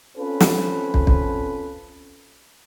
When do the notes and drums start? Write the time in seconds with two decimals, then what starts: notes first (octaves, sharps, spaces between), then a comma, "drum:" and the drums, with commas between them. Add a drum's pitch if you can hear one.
0.16 C4 C#4 F4 A4 B4
0.40 drum: snare
0.94 drum: kick
1.07 drum: kick